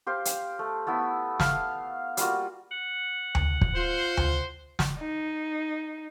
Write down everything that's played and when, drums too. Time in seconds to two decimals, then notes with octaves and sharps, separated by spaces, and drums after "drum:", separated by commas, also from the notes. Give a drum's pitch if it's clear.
0.07 G4 C5 F5
0.25 drum: hi-hat
0.59 A3
0.87 A3 B3 E4 E6
1.40 F5 A5, drum: snare
2.17 G3 A#3 F4 F#4, drum: hi-hat
2.71 F#5
3.35 drum: tom D2
3.61 drum: kick
3.76 F4 C5
4.17 drum: tom D2
4.79 drum: snare
4.99 D#4